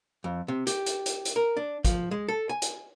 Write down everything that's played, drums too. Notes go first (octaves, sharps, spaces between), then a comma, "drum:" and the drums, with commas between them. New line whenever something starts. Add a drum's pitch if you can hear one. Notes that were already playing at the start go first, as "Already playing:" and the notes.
F2
C3
G4, drum: hi-hat
drum: hi-hat
drum: hi-hat
drum: hi-hat
A#4
D4
F3, drum: kick, hi-hat
G#3
A4
G#5
drum: hi-hat